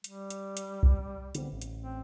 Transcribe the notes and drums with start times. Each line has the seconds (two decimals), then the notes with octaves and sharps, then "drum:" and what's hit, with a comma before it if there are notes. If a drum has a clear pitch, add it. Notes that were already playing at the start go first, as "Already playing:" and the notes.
0.04 G3, drum: hi-hat
0.30 drum: hi-hat
0.57 drum: hi-hat
0.83 drum: kick B1
1.35 D3 B3 C4, drum: hi-hat
1.52 A1
1.62 drum: hi-hat
1.82 C4